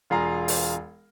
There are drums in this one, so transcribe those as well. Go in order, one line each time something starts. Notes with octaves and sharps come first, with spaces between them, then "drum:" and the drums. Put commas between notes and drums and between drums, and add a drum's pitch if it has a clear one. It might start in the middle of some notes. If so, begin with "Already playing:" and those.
E1 F4 G#4 F5 A#5
drum: open hi-hat